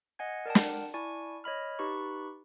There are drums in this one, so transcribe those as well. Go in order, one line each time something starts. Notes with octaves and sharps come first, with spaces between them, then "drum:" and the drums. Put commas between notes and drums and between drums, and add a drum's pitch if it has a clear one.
D#5 F#5 G#5 G#6
A#4 D5 F#5 G5 A5
drum: snare
E4 D5 G#5 A5 C#6
C#5 D#5 B5 F6
D#4 G4 B4 B5 C#6